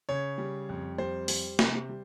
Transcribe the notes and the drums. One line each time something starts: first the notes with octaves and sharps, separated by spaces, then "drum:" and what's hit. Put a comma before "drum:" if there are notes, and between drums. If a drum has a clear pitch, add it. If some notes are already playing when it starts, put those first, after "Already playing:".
C#3 C#5
G3
F2
G3 C5
G3, drum: open hi-hat
C3, drum: snare
G3